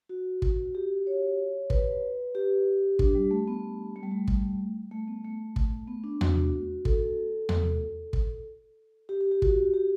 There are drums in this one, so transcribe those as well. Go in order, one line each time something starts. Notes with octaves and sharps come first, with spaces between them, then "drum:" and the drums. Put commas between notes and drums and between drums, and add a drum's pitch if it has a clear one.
F#4
drum: kick
G4
C#5
B4, drum: kick
G4
D4, drum: kick
G3
A3
B3
A3
G3
A3
drum: kick
A3
B3
A3
drum: kick
B3
D4
F#4, drum: tom E2
A4, drum: kick
drum: tom E2
drum: kick
G4
G4
G4
F#4, drum: kick
G4